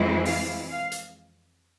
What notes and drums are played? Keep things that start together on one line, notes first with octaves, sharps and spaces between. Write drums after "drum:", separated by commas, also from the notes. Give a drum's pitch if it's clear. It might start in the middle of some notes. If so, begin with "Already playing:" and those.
Already playing: F2 E3 G#3 C4 E4
F5, drum: open hi-hat
F5
drum: hi-hat